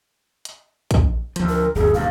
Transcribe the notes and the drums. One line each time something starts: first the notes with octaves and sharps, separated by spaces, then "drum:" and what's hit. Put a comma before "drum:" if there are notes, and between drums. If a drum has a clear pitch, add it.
drum: hi-hat
drum: kick, hi-hat
D2 F3, drum: hi-hat
A#4
D1 G1 D#2 G#4
D#1 G2 F5